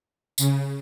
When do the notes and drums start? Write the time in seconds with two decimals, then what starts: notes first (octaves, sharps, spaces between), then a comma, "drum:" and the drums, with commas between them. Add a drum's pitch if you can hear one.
0.38 C#3, drum: tambourine